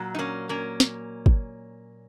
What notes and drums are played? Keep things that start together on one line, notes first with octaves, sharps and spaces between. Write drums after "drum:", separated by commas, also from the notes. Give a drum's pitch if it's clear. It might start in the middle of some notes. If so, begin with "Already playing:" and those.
Already playing: A#2 F#3
D#4
A#3 C#4
A#3 C#4
drum: snare
drum: kick